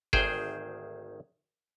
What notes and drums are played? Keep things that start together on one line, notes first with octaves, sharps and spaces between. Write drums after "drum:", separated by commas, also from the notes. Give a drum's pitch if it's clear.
G#1 D2 D#3 G#4 C5 G5, drum: kick G1